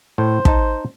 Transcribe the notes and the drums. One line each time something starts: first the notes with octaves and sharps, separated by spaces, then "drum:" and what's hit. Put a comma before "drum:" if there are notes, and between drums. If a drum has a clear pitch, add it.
A2 C5
D#4 A5, drum: kick